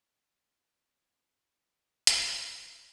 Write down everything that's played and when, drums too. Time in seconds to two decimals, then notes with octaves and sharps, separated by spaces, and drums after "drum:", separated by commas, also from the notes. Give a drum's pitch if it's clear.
0.18 C4 E4
2.07 C#3 F3 G4, drum: hi-hat